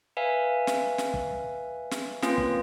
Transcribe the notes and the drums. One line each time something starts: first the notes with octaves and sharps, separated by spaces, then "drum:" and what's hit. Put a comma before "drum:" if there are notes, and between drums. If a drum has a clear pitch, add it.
B4 E5 F5 G#5
drum: snare
drum: snare
drum: kick
drum: snare
A#3 C4 C#4 F4 B4, drum: snare
drum: kick